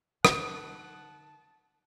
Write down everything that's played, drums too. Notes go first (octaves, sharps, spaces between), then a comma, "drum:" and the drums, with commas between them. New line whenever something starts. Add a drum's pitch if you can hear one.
D3 D#4 F#5 A5, drum: rim click